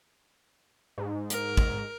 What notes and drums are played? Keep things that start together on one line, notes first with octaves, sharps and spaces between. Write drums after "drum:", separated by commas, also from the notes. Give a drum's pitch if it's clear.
G#2
A#4, drum: hi-hat
drum: kick